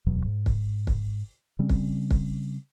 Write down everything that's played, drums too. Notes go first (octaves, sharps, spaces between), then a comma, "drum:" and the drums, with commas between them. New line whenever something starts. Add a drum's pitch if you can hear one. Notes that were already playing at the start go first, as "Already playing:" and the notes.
D1 E2 B2 F#3
G#2
drum: kick
drum: kick
C#3 G3 C4 C#4
drum: kick
drum: kick